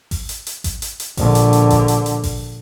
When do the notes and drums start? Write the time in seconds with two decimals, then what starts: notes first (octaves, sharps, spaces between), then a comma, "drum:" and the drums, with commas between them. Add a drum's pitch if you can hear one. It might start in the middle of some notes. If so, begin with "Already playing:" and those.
0.11 drum: kick G#1, open hi-hat
0.29 drum: hi-hat
0.47 drum: hi-hat
0.64 drum: kick G#1, hi-hat
0.82 drum: hi-hat
1.00 drum: hi-hat
1.17 A#1 D3, drum: kick G#1, open hi-hat
1.35 drum: hi-hat
1.53 drum: hi-hat
1.70 drum: kick G#1, hi-hat
1.88 drum: hi-hat
2.06 drum: hi-hat
2.23 drum: kick G#1, open hi-hat